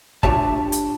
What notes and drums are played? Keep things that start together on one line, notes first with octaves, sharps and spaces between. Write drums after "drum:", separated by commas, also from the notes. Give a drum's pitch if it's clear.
D4 F4 G4 C#5 E5 A5, drum: kick
drum: hi-hat